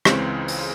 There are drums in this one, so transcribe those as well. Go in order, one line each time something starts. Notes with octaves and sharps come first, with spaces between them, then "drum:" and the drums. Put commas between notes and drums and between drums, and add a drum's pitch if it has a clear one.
C#2 C#3 E3 G#3 C4, drum: rim click
drum: open hi-hat